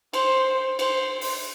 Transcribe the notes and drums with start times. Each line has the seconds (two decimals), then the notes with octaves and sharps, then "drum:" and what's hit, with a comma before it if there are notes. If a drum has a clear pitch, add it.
0.13 C5, drum: cymbal
0.79 C5, drum: cymbal
1.21 drum: open hi-hat